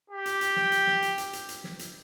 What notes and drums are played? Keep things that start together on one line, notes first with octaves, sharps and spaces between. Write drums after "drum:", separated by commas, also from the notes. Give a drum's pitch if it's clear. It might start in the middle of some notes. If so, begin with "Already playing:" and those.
G4
drum: hi-hat
drum: hi-hat
drum: snare
drum: hi-hat
drum: snare
drum: hi-hat
drum: hi-hat
drum: hi-hat
drum: hi-hat
drum: snare
drum: hi-hat